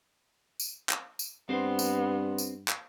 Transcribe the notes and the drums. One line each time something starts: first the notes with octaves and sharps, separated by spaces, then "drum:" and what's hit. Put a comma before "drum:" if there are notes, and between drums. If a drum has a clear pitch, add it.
drum: tambourine
drum: clap
drum: tambourine
G2 B3 C4 C5
drum: tambourine
drum: tambourine
drum: clap